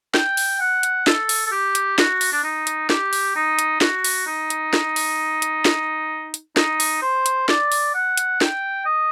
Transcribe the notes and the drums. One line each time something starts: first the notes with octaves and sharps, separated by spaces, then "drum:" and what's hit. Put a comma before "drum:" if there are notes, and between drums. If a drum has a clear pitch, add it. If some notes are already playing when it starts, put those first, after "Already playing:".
G5, drum: snare
drum: open hi-hat
F#5
drum: hi-hat
A4, drum: snare
drum: open hi-hat
A4
G4
drum: hi-hat
F#4, drum: snare
drum: open hi-hat
D4
D#4
drum: hi-hat
G4, drum: snare
drum: open hi-hat
D#4
drum: hi-hat
F#4, drum: snare
drum: open hi-hat
D#4
drum: hi-hat
drum: snare
drum: open hi-hat
drum: hi-hat
drum: snare
drum: hi-hat
D#4, drum: snare
drum: open hi-hat
C5
drum: hi-hat
D5, drum: snare
drum: open hi-hat
F#5
drum: hi-hat
G5, drum: snare
D#5